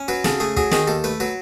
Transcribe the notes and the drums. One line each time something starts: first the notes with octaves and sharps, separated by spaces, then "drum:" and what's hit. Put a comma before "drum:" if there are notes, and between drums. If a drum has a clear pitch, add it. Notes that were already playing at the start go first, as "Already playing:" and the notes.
Already playing: C#4
F#3 B4
C#3 A4, drum: snare
A3 G#4
F#3 G#4, drum: kick
D#3 G#4, drum: snare
D#2 A4
A3 B4
F#3 B4